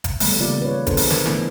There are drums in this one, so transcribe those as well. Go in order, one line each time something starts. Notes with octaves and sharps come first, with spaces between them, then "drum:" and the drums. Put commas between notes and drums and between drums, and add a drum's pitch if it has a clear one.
drum: kick G1, hi-hat
D#3 G3 A3 B3, drum: open hi-hat
C#3 E3 A#3 B3 F4 D5
B4 C#5
B3 D4 G#4 A4 C5, drum: kick G1, hi-hat
drum: open hi-hat
A#4, drum: snare
D#3 E3 A3 B3 E4, drum: snare